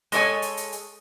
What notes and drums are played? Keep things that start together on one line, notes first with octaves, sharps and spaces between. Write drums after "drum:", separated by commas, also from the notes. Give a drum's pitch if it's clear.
G#3 A4 C#5 D#5 G#5, drum: hi-hat
drum: hi-hat
drum: hi-hat
drum: hi-hat